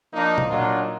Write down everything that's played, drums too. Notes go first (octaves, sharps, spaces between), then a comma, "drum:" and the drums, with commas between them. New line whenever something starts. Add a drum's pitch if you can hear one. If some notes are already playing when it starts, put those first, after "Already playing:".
F3 A#3 D4 D#4
drum: tom A#2
F#3 A#3 D4 D#4 F4